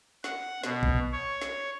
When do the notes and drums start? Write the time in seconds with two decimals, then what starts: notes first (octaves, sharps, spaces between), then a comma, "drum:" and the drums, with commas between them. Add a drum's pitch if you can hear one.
0.24 F#5, drum: snare
0.64 B2, drum: snare
0.83 drum: kick A1
1.12 C#5
1.42 drum: snare